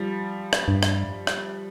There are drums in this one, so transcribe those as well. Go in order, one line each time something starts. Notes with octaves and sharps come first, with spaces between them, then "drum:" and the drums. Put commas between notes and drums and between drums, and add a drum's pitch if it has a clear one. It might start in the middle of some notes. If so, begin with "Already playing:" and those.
Already playing: F3 G3
drum: rim click
G2
drum: rim click
drum: rim click